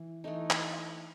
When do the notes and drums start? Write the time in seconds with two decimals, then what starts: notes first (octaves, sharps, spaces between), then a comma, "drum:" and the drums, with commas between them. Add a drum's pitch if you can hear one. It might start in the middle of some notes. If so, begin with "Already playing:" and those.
Already playing: E3
0.24 E3 A3 D#4
0.50 drum: clap